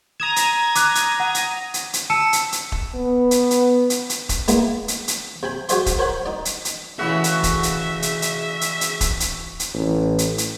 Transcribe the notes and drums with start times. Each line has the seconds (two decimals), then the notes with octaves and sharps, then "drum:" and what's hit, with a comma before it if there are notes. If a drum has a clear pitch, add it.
0.20 A#5 D#6 G#6 E7
0.36 drum: hi-hat
0.75 D6 F#6, drum: hi-hat
0.95 drum: hi-hat
1.20 F#5
1.35 drum: hi-hat
1.74 drum: hi-hat
1.93 drum: hi-hat
2.10 A5 E6 C#7 E7
2.33 drum: hi-hat
2.52 drum: hi-hat
2.72 drum: kick D#1
2.95 B3
3.31 drum: hi-hat
3.51 drum: hi-hat
3.90 drum: hi-hat
4.10 drum: hi-hat
4.29 drum: kick D#1, hi-hat
4.48 G#3 A#3 B3 E4, drum: hi-hat
4.88 drum: hi-hat
5.08 drum: hi-hat
5.43 C3 G5 G#5 B5
5.69 F#4 G#4 C5 D5 F5 C6, drum: hi-hat
5.86 drum: kick D#1, hi-hat
5.99 A#4 C5 C#5 F#5 B5
6.26 D#4 D5
6.45 drum: hi-hat
6.65 drum: hi-hat
6.99 C#3 E3 A3 F#4 G#4 E5 F5
7.24 drum: hi-hat
7.43 drum: kick D#1, hi-hat
7.63 drum: hi-hat
8.02 drum: hi-hat
8.22 drum: hi-hat
8.61 drum: hi-hat
8.81 drum: hi-hat
9.01 drum: kick D#1, hi-hat
9.20 drum: hi-hat
9.60 drum: hi-hat
9.74 A1
10.18 drum: hi-hat
10.38 drum: hi-hat